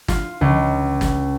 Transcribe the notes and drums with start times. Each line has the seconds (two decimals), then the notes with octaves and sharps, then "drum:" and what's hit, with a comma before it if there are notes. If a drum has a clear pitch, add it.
0.08 F4, drum: snare
0.41 C#2
1.01 drum: snare